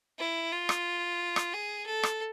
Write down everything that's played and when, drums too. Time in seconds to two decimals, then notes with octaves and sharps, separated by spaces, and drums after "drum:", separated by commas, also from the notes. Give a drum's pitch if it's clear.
0.19 E4
0.52 F4
0.69 drum: rim click
1.36 drum: rim click
1.53 G#4
1.86 A4
2.03 drum: rim click